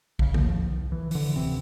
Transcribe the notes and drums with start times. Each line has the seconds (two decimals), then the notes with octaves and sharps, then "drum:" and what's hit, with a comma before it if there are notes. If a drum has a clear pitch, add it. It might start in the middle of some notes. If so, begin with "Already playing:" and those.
0.19 C#2 C#3, drum: kick A1
0.34 A1 D#2 F3, drum: tom
0.65 C2
0.92 E3
1.11 D3 E3, drum: open hi-hat
1.36 D1 C3 E3 C4